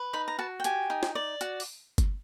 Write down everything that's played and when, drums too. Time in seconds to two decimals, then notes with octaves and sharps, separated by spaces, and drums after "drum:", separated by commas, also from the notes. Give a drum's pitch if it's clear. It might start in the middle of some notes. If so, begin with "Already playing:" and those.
Already playing: B4
0.13 D#4 B5
0.28 A#5
0.39 F#4 A5
0.60 G5
0.64 G4 G#5, drum: hi-hat
0.90 D#4
1.03 drum: snare
1.15 D5
1.41 F#4, drum: hi-hat
1.60 drum: open hi-hat
1.98 drum: kick G1, hi-hat